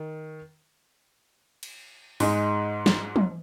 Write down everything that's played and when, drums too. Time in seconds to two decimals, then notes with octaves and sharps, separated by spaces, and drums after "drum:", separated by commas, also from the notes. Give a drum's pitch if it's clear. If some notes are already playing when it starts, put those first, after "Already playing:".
Already playing: D#3
1.63 drum: cymbal
2.20 G#2 G#3 D#4, drum: open hi-hat
2.86 drum: snare
3.16 drum: tom